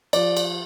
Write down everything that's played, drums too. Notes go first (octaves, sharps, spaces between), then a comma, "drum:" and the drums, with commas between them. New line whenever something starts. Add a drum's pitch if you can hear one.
F3 D5, drum: cymbal
drum: cymbal